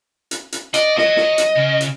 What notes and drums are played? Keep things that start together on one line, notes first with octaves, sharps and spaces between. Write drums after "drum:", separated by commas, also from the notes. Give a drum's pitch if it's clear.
drum: hi-hat
drum: hi-hat
D5 D#5, drum: hi-hat
F#3 D#5, drum: snare
drum: snare
drum: hi-hat
C#3
drum: hi-hat